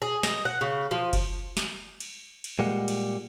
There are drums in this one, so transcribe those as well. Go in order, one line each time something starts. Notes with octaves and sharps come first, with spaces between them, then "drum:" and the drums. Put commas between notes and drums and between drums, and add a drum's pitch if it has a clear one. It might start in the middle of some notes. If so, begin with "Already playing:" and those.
G#4
D#5, drum: snare
F#5
C#3
F3
drum: kick F#1, cymbal
drum: snare
drum: cymbal
drum: cymbal
A#2 G3 G#3 F#5
drum: cymbal